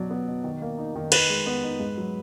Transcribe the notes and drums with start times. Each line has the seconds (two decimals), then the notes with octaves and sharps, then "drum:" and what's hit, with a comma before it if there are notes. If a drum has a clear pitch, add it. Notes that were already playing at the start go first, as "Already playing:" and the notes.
Already playing: B2 F#3 D5
0.10 B3
0.27 B2
0.44 D#3
0.62 A#3
0.78 D#4
0.95 D#3
1.12 D#3 B4, drum: cymbal
1.30 G#3
1.46 B3
1.63 D#4
1.80 G#2
1.98 F#3